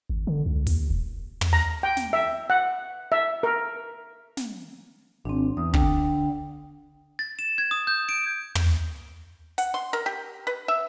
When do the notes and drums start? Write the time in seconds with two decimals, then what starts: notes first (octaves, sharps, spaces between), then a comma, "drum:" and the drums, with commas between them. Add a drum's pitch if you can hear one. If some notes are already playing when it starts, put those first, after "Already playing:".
0.09 G#1
0.27 D3
0.46 C#2
0.67 D#2, drum: open hi-hat
0.90 E1
1.41 drum: tom
1.53 A#5
1.83 G5
1.97 drum: snare
2.13 E5
2.50 F#5
3.12 E5
3.43 A#4
4.37 drum: snare
5.25 G#1 C4 D4
5.57 E2 D#6
5.74 D3 G5, drum: kick
7.19 A6
7.39 E7
7.58 G#6
7.71 D#6
7.87 G6
8.09 D7
8.55 drum: tom
9.58 F#5, drum: hi-hat
9.74 C6
9.93 A#4
10.06 G4
10.47 B4
10.68 E5